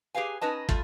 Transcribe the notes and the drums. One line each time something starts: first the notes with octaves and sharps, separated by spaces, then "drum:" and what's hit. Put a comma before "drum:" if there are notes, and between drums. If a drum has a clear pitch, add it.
G4 G#4 B4 F5 G#5
C#4 D#4 B4 D#5 A5
G3 A3 F4, drum: kick